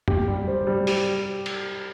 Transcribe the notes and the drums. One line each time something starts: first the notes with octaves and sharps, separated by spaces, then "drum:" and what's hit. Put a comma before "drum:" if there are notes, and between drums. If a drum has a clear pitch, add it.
G4, drum: tom
G3
C5
G3
G4, drum: open hi-hat
drum: cymbal